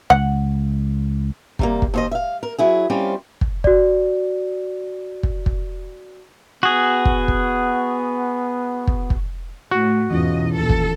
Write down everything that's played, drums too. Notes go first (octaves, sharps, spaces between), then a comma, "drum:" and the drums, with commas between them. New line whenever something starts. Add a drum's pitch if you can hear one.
C#2 F#5
C3 G3 A#3, drum: kick
drum: kick
D#2 C5 D#5
E5 F5
A#4
F#3 E4 G#4
G3 C4 C#4 F4
drum: kick
F#4 D5, drum: kick
drum: kick
drum: kick
B3 F#4 G#4
drum: kick
drum: kick
drum: kick
drum: kick
A2 F#4
E2 G#2 B2 E3 C#4 F4 D#5
A#1 D#2 A4
drum: kick